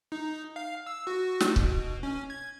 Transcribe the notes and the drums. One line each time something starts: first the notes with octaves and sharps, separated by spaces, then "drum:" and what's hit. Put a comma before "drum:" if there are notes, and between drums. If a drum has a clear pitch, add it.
D#4
F5
E6
F#4
drum: snare
B2, drum: kick
C#4
G#6